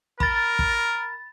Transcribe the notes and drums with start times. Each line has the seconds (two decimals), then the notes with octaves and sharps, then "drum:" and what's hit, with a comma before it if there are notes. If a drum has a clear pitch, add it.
0.20 A#4 B5 A6, drum: kick
0.59 drum: kick